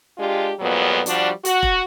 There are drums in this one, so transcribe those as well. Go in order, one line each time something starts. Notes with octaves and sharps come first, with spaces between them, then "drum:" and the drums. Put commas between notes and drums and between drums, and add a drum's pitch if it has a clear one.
G#3 D4 F4 G4
F2 A#2 F#3 G#3 B3
F3 G3 D4 F#4, drum: hi-hat
F#4, drum: hi-hat
drum: kick E1